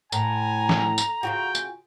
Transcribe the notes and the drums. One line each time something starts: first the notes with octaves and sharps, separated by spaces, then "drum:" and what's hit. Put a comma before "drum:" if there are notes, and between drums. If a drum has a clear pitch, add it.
A2 G#5 A#5, drum: tambourine
drum: snare
drum: tambourine
C#3 F4 F#4 G5
drum: tambourine